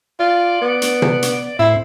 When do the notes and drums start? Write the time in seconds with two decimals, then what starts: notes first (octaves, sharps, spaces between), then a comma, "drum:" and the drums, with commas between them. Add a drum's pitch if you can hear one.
0.19 F4 D5
0.61 B3
0.82 drum: hi-hat
1.02 drum: tom
1.22 drum: hi-hat
1.59 A2 C4 E4